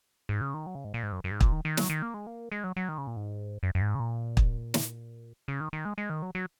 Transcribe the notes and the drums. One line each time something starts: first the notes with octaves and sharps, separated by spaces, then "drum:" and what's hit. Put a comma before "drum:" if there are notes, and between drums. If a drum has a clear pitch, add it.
G#2
C#3
D#3
F#3
C#3
G#2
A#2
G#2
F#2
F#2
G#2
A#2, drum: kick
D#3
D#3
F#3, drum: snare
D#3
A#3
G#3
A#3
G#3
F#3
F#3
D#3
C#3
A#2
G#2
F#2
F#2
G#2
C#3
A#2
drum: kick
drum: snare
C#3
D#3
D#3
G#3
G#3
D#3
F#3
F#3